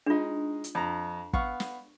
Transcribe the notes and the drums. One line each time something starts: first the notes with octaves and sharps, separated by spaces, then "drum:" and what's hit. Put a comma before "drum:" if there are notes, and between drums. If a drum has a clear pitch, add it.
G#3 D4 D#4 F4
drum: hi-hat
F2 A#5
B3 F5 C#6, drum: kick
drum: snare